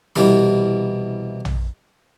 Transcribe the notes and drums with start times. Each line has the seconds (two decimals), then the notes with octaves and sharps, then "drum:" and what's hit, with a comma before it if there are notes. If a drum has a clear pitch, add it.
0.16 C2 B2 E3 G3 B5, drum: snare
1.45 drum: tom